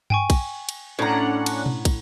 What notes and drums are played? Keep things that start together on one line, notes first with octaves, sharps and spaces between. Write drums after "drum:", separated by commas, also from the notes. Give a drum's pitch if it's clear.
G5 G#5 C#6, drum: tom G2
drum: kick, cymbal
drum: cymbal
A2 C#4 D4 F#5 A#5
drum: cymbal
drum: tom B2
drum: kick, cymbal